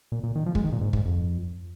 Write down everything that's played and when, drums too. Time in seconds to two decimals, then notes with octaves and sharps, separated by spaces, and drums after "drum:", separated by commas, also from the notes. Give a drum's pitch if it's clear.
0.12 A#2
0.24 A#2
0.36 D#3
0.46 F3
0.55 G#3, drum: kick
0.64 D#3
0.72 A#2
0.81 G#2
0.93 G#2, drum: kick
1.05 F2